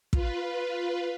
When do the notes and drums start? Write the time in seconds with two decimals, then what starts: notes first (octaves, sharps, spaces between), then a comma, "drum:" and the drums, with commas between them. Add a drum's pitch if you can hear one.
0.13 F4 B4, drum: kick